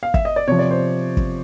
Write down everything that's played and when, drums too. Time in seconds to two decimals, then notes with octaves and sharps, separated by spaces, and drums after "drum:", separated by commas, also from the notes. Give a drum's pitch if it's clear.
0.03 F5
0.14 E5, drum: kick
0.25 D#5
0.36 D5
0.48 C3 F3 C#5
0.59 D5
0.71 C5
1.17 drum: kick